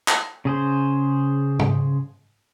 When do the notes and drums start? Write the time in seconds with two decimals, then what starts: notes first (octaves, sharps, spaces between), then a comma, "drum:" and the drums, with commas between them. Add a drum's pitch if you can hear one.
0.08 drum: clap
0.45 C#3 G#4 C5
1.59 drum: tom G#2